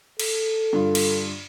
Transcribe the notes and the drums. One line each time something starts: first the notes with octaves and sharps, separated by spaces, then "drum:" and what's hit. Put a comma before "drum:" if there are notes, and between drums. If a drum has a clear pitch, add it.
A4, drum: cymbal
G2 D3 F4
drum: cymbal